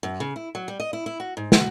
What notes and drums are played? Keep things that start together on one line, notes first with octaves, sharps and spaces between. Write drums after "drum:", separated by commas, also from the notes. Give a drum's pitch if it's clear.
F#2
C#3
E4
F#3
G3
D#5
E4
E4
F#4
G#2
F#4, drum: snare